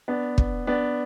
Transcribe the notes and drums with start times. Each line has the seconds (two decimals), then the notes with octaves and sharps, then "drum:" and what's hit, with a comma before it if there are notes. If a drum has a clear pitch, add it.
0.08 B3 D4
0.38 drum: kick
0.67 B3 D4